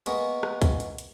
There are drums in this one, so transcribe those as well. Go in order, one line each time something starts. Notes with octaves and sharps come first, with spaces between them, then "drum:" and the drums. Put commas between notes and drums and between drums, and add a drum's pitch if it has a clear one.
G#3 A#3 B3 C#5, drum: hi-hat
drum: rim click
drum: kick, hi-hat
drum: hi-hat
drum: hi-hat